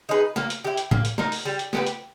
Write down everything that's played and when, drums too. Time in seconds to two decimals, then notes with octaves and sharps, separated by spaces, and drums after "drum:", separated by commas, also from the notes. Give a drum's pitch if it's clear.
0.09 D#4 G#4 B4
0.36 A#3, drum: snare
0.50 drum: hi-hat
0.64 E4 G4
0.77 drum: hi-hat
0.91 A#3, drum: tom
1.05 drum: hi-hat
1.18 D#4 A#4, drum: snare
1.32 drum: open hi-hat
1.45 G3
1.59 drum: hi-hat
1.73 B3 G4 B4, drum: snare
1.87 drum: hi-hat